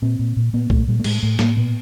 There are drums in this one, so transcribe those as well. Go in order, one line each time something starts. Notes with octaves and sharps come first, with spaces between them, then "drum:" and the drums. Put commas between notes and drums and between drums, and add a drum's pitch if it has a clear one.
A#2 C4
A#2
A#2
A#2 B3
A#2 A3, drum: kick B1
A#2 G3
A3
A2 G#3, drum: cymbal
A2 A3
A2 A#3, drum: snare
A#2 B3